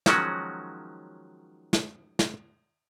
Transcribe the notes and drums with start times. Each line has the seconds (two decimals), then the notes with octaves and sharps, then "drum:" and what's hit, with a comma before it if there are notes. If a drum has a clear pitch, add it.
0.06 D#3 F3 F#3 G#3 C#4 F#4, drum: snare
1.73 drum: snare
2.19 drum: snare